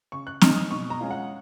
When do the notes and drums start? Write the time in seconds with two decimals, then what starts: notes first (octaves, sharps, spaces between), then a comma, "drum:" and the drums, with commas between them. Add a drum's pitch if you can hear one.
0.12 C#3 C#6
0.27 F#6
0.41 G#3 D#4 F6, drum: snare C4
0.56 D#6
0.71 B2 C#6
0.90 A#5
1.01 G#3 C#4 F4
1.11 F#5